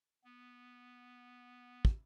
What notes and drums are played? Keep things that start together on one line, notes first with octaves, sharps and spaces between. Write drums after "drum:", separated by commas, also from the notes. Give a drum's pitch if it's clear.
B3
drum: kick